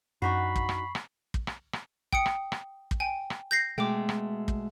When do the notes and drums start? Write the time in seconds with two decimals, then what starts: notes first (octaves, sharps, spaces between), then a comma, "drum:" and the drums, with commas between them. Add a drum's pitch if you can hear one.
0.22 F#2 D4 D#4 F#4 B5 C#6 B6 C7
0.56 drum: kick
0.69 drum: rim click
0.95 drum: rim click
1.34 drum: kick
1.47 drum: rim click
1.73 drum: rim click
2.13 G5 D#6 C#7, drum: kick
2.26 drum: rim click
2.52 drum: rim click
2.91 drum: kick
3.00 G5 G#5
3.30 drum: rim click
3.51 G6 A#6 C7
3.78 B2 G#3 A3 G5 D6
4.09 drum: rim click
4.48 drum: kick